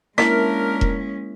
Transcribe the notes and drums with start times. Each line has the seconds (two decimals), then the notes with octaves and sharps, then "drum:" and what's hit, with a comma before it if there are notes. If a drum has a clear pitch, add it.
0.18 G#3 A#3 C#4 D4 E4 A#4 B6, drum: rim click
0.81 drum: kick E1